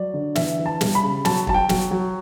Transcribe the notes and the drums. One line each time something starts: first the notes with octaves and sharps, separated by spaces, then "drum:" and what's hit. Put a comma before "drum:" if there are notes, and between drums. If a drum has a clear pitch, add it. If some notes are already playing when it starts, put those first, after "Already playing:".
Already playing: F#3 D5
D3
E3 E5, drum: snare
E3
A5
G3, drum: snare
B5
C#3
F#3 A5, drum: snare
F#3 A5, drum: kick
G5
F#3, drum: snare
F#3